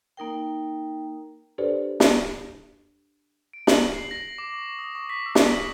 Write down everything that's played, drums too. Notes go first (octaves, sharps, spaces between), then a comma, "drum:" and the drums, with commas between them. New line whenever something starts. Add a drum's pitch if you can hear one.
A#3 D#4 A#4 G5
D4 G4 A4 B4 C5 D5
drum: snare
D7
F#7, drum: snare
C7
A#6
D6
C#6
D#6
C#6
B6
E6
drum: snare
F#7